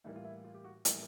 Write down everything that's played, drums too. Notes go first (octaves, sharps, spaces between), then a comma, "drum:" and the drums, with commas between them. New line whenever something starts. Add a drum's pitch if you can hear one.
A2 E3 G3 A#3 D#4
F4
E4
F4
G4
F#4
A2 E3 G3 A#3, drum: hi-hat